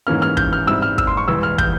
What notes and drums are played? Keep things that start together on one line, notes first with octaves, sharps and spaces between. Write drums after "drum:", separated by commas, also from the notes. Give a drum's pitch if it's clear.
G#2 E3 A#3 C#4 F6
F6
G6, drum: kick
F6
G#2 G3 C4 E4 E6
F6
E6, drum: kick
C6
C#6
E1 E2 E3 G3 E6
F6
G6, drum: kick